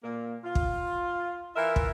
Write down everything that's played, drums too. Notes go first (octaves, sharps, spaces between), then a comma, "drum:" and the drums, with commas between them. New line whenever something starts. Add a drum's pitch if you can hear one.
A#2 A#3
F4
drum: kick
E3 F4 A#4 E5
drum: kick